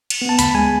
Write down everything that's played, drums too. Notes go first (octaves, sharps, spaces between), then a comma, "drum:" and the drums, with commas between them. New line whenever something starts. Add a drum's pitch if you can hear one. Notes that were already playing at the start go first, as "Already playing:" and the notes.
drum: cymbal
B3
A5
D2 B5, drum: hi-hat
G#3 G#5